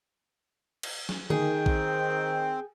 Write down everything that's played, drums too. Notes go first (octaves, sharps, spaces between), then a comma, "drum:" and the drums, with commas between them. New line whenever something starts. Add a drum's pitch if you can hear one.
drum: cymbal
drum: snare
D#3 G#4 G5, drum: tom D3
C4, drum: kick A#1